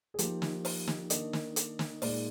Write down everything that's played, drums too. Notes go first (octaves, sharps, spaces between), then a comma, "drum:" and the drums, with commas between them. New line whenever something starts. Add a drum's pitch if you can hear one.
G#4
F3 A#3 D#4 G4, drum: hi-hat
drum: snare
drum: open hi-hat
drum: snare
D#3 A#3 D4 D#5, drum: hi-hat
drum: snare
drum: hi-hat
drum: snare
A#2 G#3 D#4 D5, drum: open hi-hat